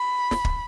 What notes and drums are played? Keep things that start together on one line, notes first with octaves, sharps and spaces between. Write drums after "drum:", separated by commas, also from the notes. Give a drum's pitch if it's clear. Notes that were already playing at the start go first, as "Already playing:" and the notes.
Already playing: B5
drum: snare
drum: kick